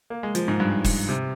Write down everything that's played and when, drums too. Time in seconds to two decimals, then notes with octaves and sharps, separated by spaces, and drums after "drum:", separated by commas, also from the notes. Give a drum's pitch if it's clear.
0.10 A#3
0.23 G#3
0.35 F3, drum: hi-hat
0.48 G#2
0.60 G2
0.84 drum: kick, open hi-hat
1.09 C3